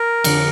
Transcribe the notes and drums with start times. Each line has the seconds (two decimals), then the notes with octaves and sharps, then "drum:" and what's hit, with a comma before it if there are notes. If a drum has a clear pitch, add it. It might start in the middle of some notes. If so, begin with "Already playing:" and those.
Already playing: A#4
0.24 F2 D3 F3, drum: cymbal